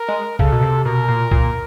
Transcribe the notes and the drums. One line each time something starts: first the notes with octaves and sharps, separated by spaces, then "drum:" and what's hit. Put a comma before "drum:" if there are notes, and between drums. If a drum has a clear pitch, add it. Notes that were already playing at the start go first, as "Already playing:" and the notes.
Already playing: A#4
G#3
C#3 A4, drum: kick C2
B2
C3
B2 A#4
A#2
A#2, drum: kick C2